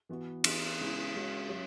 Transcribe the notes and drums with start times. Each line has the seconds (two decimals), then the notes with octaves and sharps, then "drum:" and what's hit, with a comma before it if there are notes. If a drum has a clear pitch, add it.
0.09 E3 B3 F#4
0.44 E3 B3 D#4 G#4, drum: cymbal
0.79 C#3 G#3 B3 E4 G#4
1.14 C#3 G#3 C#4 F#4
1.49 F#3 C#4